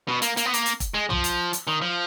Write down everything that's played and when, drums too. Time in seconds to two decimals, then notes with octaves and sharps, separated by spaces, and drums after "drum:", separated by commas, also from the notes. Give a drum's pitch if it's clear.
0.08 B2
0.22 A#3, drum: hi-hat
0.37 A#3, drum: hi-hat
0.46 B3
0.54 A#3, drum: hi-hat
0.66 drum: hi-hat
0.80 drum: kick E1, hi-hat
0.94 G#3
1.10 F3, drum: tom
1.24 drum: hi-hat
1.53 drum: hi-hat
1.67 D#3
1.82 F3